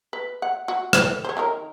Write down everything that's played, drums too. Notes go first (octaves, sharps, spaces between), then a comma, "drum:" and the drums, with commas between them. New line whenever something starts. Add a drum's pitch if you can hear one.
B4
F#5
F#4
B4, drum: rim click
C5 C#5
D#3 D#4 A#4